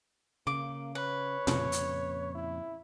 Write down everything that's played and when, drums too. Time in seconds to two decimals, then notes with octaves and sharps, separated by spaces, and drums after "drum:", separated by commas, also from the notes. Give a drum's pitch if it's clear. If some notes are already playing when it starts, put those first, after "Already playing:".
0.47 C#3 A#3 D6
0.95 B4 C#5
1.47 F2 A#2 C#3, drum: tom A#2
1.72 drum: hi-hat
2.35 E4